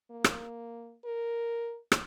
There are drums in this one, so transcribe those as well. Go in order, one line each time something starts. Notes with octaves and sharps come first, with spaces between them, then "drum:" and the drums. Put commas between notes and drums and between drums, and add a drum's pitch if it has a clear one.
A#3
drum: rim click
A#4
drum: rim click